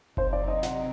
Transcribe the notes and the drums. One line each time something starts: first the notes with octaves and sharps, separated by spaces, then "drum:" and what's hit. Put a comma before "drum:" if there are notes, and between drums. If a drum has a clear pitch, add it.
C3 F#3 C4 D#4 C5, drum: kick F#1
D5
D#5
F#5, drum: snare